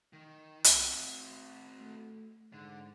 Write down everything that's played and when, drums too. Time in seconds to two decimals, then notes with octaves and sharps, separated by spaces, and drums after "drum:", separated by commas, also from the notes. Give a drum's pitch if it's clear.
0.13 D#3
0.64 C4 F#4, drum: hi-hat
1.80 A3
2.53 G#2 D3